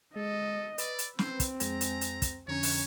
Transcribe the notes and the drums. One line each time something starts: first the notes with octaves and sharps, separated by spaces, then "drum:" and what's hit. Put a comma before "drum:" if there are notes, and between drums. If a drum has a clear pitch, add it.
G#3 A4 D#5
B4 D5 B5 E6, drum: hi-hat
drum: hi-hat
C4 C5, drum: snare
drum: kick, hi-hat
F2 G#3 G#5 A#5, drum: hi-hat
drum: hi-hat
drum: hi-hat
drum: kick, hi-hat
F2 D3 C#4 C#5 A#5
drum: open hi-hat